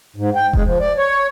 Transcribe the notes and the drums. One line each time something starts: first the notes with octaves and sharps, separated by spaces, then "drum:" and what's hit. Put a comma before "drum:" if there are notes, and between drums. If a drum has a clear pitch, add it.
G#2
G5
G#3, drum: kick E1
F3
D5
C#5